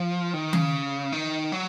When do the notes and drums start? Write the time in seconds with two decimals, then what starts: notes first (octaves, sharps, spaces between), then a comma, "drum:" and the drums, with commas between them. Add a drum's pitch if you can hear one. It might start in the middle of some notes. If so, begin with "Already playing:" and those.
Already playing: F3
0.34 D#3
0.53 C#3, drum: tom D#3
1.12 D#3
1.52 F#3